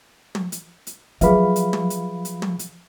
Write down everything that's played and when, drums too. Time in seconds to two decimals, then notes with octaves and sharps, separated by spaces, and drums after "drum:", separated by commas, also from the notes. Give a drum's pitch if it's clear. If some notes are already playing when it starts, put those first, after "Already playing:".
0.35 drum: tom
0.52 drum: hi-hat
0.87 drum: hi-hat
1.21 F3 F#3 G#4 B4 E5 F5 B5, drum: hi-hat
1.56 drum: hi-hat
1.73 drum: tom
1.90 drum: hi-hat
2.25 drum: hi-hat
2.42 drum: tom
2.59 drum: hi-hat